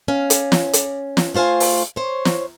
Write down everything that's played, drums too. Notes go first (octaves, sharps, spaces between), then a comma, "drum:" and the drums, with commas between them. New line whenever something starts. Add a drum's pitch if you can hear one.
C#4 F5
drum: hi-hat
drum: snare
drum: hi-hat
drum: snare
A3 F4 C5 F5 G#5
drum: open hi-hat
C5 C#5
drum: snare